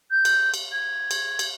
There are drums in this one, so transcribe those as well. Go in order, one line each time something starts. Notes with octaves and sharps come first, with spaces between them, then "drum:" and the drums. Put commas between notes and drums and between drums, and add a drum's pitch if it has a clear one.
G6
drum: cymbal
drum: cymbal
G#6
drum: cymbal
drum: cymbal